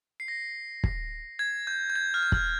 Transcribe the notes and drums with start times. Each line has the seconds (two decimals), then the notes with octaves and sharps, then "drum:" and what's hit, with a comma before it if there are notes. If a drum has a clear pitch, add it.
0.20 C7
0.28 A#6
0.84 drum: kick
1.39 G#6
1.67 G6
1.90 G6
1.96 G#6
2.14 F6
2.23 G6
2.32 drum: kick